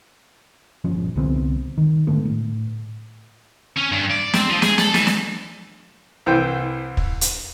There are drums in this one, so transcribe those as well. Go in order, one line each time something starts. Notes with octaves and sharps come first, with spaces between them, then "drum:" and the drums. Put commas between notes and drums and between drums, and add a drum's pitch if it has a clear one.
G1 A#2 F3 C#4
C2 D3 B3 C4
D#3
G#2 D3 A3 B3
A2
C#4
G2
D5
C4, drum: snare
F3
G#4, drum: snare
A4, drum: snare
E3, drum: snare
drum: snare
C2 E3 C5 G5
drum: kick
drum: hi-hat